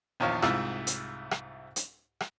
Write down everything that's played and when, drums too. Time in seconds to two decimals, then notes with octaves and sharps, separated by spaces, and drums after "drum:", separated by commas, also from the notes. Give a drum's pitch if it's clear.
0.20 A#1 E2 D#3 F3 C#5 F5
0.42 C2 G#2 E4 F4 E5, drum: rim click
0.87 drum: hi-hat
1.31 drum: rim click
1.76 drum: hi-hat
2.21 drum: rim click